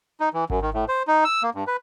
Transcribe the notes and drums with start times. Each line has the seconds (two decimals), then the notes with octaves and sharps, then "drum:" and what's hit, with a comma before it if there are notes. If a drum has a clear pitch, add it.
0.20 D#4
0.34 E3
0.50 F#2, drum: kick G#1
0.62 D#3
0.74 A2
0.88 C5
1.08 D#4
1.25 E6
1.43 A#3
1.55 G2
1.67 B4